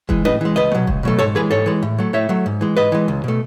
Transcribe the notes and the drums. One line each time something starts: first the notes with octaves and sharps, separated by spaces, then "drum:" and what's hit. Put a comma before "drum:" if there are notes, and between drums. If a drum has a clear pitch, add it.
E3 G#3, drum: kick F1
A2 B4 D#5, drum: tom C#4
E3 G#3
C#2 B4 D#5
A3
B2 F#3
C#2, drum: kick F1
B2 F#3 A3
G#2 A4 C#5
E3 G#3 G#4 B4
G#2 A4 C#5
E3 G#3
A2
F#3 A3
A2 C#5 E5
F#3 A3
G#2
E3 G#3
G#2 B4 D#5
E3 G#3
C#2
B2 A3